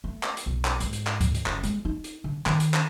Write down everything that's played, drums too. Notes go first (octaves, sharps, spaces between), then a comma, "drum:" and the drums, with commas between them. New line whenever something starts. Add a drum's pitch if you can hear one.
A3
drum: clap
drum: hi-hat
B1
drum: clap
G#2, drum: hi-hat
drum: hi-hat
drum: clap
drum: kick D2, hi-hat
drum: hi-hat
F#1, drum: clap
G#3, drum: hi-hat
D#4
drum: hi-hat
D3
D#3, drum: clap
drum: hi-hat
drum: clap